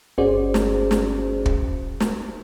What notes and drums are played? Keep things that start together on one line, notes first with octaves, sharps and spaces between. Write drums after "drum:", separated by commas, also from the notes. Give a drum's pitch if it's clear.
G1 C#4 F#4 G#4 C5 D5
drum: snare
drum: snare
drum: kick
drum: snare